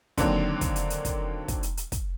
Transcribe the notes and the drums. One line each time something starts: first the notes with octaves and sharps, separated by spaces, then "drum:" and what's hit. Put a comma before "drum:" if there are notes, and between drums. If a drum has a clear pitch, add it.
D3 D#3 F#3 A#3 C4 D4, drum: kick, hi-hat
drum: kick, hi-hat
drum: hi-hat
drum: hi-hat
drum: kick, hi-hat
drum: kick, hi-hat
drum: hi-hat
drum: hi-hat
drum: kick, hi-hat